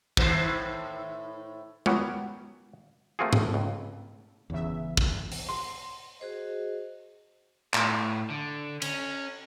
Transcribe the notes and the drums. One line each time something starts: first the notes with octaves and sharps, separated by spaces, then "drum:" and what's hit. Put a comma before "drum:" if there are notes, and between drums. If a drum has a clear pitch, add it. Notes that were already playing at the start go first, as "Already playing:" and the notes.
A2 D#3 C5, drum: kick
F#3 B3 C#4 G4, drum: tom G#3
A3 A#3 C4 F4 F#4 G#4
drum: tom G#2
C#2
G1 E2 C#3 E5
drum: kick
drum: open hi-hat
C6
F#4 G#4 C5 D#5
A2, drum: clap
D3
C#4, drum: cymbal